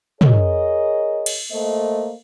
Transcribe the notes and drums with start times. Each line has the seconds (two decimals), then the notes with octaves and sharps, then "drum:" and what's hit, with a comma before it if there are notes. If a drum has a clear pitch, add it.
0.21 G#4 A#4 C#5 D#5, drum: tom
1.26 drum: cymbal
1.51 A3 A#3 C5 D#5